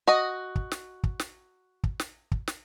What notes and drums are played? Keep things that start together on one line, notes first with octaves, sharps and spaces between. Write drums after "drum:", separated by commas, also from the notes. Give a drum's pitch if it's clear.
F#4 D#5
drum: kick
drum: snare
drum: kick
drum: snare
drum: kick
drum: snare
drum: kick
drum: snare